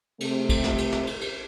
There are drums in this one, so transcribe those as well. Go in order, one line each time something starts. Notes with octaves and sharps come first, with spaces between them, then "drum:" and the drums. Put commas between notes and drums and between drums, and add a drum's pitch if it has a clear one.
C3 A3, drum: cymbal
drum: kick, cymbal
drum: snare
drum: cymbal
drum: snare
drum: cymbal
drum: cymbal